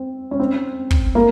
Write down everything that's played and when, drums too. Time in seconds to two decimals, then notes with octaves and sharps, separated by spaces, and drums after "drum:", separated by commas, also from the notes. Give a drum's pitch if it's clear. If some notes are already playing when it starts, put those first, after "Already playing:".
Already playing: C4
0.31 C#4
0.40 C4
0.91 drum: kick
1.15 A#3